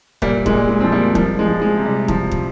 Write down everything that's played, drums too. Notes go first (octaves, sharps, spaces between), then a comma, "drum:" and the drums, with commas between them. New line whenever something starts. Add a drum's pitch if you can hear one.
A#2 G3 A#3, drum: kick
G#3, drum: kick
A#2
G#3
F3 C4
G3 A#3
F3 G3, drum: kick
G#3
F3
G#3
C3
G3
F3, drum: kick
drum: kick